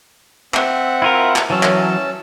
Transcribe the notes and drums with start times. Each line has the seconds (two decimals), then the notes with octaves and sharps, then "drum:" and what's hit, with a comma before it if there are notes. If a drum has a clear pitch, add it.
0.54 C4 E5 F#5, drum: clap
1.02 E4 F4 A#4
1.36 drum: clap
1.50 E3 F#3 C#4 A5 E6
1.63 drum: clap